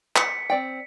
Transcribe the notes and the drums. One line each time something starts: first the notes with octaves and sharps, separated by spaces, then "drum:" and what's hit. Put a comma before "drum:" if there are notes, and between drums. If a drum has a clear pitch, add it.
B6 C#7, drum: clap
C4 D5 G5